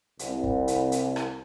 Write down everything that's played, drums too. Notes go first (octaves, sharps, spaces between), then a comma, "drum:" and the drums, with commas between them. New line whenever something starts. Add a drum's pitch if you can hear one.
C2, drum: hi-hat
drum: kick
drum: hi-hat
drum: hi-hat
drum: rim click